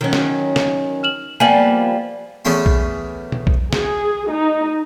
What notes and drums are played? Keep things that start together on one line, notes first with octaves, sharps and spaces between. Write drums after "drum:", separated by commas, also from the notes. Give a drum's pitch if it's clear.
D#3 F#3 C#4
drum: snare
drum: snare
F6 E7 F#7
F3 G3 A#3 B3 G#5 F#7
E2 A3 C#4 E4 C6
drum: kick B1
drum: tom
drum: kick B1
G#4, drum: snare
D#4